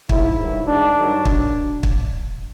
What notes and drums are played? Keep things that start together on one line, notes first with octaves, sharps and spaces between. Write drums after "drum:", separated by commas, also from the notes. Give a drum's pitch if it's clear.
G#2 F3 E4, drum: kick
G2 D#3 F#3
G#2 E3 D4
G2 D#3 F#3
drum: kick
drum: kick